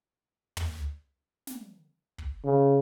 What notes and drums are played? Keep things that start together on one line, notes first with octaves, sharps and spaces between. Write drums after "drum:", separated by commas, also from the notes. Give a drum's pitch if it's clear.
drum: tom
drum: snare
drum: kick
C#3